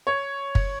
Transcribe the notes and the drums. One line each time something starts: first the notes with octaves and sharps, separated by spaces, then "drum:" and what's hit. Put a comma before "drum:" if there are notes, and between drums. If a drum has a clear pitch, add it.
C#5
drum: kick